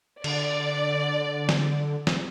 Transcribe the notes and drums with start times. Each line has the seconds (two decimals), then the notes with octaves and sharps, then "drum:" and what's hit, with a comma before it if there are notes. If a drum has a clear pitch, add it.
0.24 D3 D5, drum: cymbal
1.49 drum: snare
2.07 drum: snare